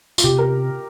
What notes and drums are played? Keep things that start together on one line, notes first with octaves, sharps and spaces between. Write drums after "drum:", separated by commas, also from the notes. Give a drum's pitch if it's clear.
F4, drum: tambourine
C3 G4
A#4